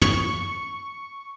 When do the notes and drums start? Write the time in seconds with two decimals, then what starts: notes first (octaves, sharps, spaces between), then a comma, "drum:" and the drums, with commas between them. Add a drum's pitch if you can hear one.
0.02 C#6, drum: tom